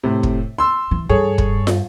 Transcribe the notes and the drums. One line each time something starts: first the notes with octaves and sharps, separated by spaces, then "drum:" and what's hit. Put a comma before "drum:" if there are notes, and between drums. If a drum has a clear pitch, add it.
A2 C3
drum: kick
C6 E6
E3
G2 G#4 A4 C#5
drum: kick
drum: snare